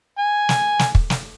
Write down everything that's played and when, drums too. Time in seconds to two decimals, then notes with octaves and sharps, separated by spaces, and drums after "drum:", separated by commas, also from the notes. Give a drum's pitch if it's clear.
0.18 G#5
0.49 drum: snare
0.79 drum: snare
0.95 drum: kick
1.10 drum: snare